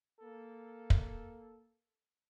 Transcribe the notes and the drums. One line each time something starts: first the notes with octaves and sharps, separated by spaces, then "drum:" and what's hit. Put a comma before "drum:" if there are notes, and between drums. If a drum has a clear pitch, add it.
A#3 A4
drum: kick